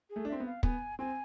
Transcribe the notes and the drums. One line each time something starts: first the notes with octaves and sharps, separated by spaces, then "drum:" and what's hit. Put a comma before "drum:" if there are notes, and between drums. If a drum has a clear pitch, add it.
G#4
A3
D4
C4 E5
B3
F5
B3 G#5, drum: kick
C4 G#5